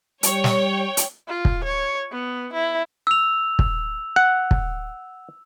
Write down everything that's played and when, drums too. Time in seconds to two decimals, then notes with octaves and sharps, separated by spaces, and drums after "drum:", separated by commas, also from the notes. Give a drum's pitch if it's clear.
0.23 G3 C#5 G5, drum: hi-hat
0.44 drum: snare
0.97 drum: hi-hat
1.28 F4
1.45 drum: kick
1.65 C#5
2.12 B3
2.53 E4
3.07 E6 F7
3.59 drum: kick
4.16 F#5
4.51 drum: kick